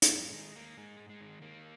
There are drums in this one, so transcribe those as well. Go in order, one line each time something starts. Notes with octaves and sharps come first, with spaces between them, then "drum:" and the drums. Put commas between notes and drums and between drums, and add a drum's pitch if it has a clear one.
drum: hi-hat
G#2 G3
A#3
D#3 G#3
D#3 A#3
G#2 G#3
G#2
G#3
D#3
D#3 A#3